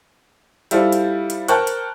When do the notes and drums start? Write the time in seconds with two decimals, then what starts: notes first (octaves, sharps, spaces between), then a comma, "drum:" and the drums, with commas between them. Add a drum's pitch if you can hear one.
0.71 G3 E4 F4 A4 C5, drum: hi-hat
0.92 drum: hi-hat
1.30 drum: hi-hat
1.48 A#4 C5 G5 A5 C#6 F#6, drum: hi-hat
1.67 drum: hi-hat